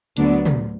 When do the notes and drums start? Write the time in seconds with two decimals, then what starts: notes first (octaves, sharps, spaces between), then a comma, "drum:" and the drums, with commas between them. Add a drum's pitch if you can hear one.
0.17 D2 D3 F#3 B3 D4, drum: hi-hat
0.45 drum: tom